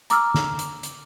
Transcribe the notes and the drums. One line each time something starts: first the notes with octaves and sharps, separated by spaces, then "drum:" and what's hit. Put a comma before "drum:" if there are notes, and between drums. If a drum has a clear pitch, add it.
A#5 D6 E6 F6, drum: hi-hat
drum: snare
drum: hi-hat
drum: hi-hat